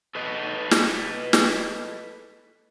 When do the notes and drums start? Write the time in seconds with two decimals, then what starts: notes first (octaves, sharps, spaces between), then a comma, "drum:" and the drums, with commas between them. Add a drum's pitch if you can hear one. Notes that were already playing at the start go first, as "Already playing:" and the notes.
0.15 A4 B4 D#5
0.71 drum: snare
1.33 drum: snare